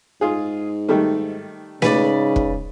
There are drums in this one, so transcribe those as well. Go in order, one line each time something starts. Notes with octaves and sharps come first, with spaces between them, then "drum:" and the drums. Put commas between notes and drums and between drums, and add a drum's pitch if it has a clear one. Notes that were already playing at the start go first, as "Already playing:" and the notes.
G#2 F4 G#4
D#3 G3 A3
G#2 C#3 B4 D5, drum: snare
drum: kick